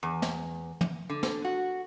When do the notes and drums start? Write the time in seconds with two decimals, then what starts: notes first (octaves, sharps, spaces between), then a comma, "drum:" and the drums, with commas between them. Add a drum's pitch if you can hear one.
0.03 E2
0.22 drum: snare
0.81 drum: tom
1.09 D3
1.23 drum: snare
1.45 F#4